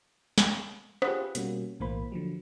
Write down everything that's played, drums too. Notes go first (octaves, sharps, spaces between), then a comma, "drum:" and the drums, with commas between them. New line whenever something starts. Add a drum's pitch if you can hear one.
drum: snare
F4 G4 G#4 B4 C5 F#5, drum: rim click
B2 G3 A#3 C#4 F#4, drum: hi-hat
B1 A2 E3 A#3 C5 B5
D3 F3 F#3